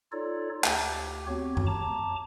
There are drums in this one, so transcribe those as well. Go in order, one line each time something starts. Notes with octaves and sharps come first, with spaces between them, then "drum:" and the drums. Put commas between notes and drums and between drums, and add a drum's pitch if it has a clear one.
D#4 F4 A4 C#5 D5
D2 G4, drum: clap
B3 C4 F#4 G4 C#5
drum: tom F#2
A5 A#5 D6